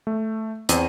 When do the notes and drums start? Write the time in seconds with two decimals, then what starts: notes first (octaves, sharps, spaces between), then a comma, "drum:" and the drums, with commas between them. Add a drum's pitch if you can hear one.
0.07 A3
0.69 E2 C4 D#7, drum: hi-hat